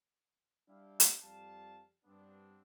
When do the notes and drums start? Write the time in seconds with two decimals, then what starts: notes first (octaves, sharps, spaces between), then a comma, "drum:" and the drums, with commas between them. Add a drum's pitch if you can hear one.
0.68 G3 D4 E4 G4 F5
1.00 drum: hi-hat
1.22 F2 G3 F5 A5
2.04 G2 G3 B3 C4 D4